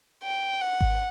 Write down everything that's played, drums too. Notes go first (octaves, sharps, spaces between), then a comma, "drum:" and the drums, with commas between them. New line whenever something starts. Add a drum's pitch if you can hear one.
G5
F#5
drum: kick G#1